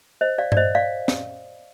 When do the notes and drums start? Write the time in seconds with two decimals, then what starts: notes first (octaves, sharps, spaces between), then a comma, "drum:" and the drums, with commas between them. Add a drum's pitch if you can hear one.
0.21 C5 D#5
0.38 D5 F5
0.52 D5, drum: tom G2
0.57 C5 D#5
0.75 D5 F5
1.08 drum: snare